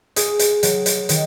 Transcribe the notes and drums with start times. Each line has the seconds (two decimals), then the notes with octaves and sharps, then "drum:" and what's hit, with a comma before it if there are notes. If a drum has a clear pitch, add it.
0.16 G#4, drum: hi-hat
0.39 drum: hi-hat
0.63 F#3, drum: hi-hat
0.86 drum: hi-hat
1.09 D#3, drum: hi-hat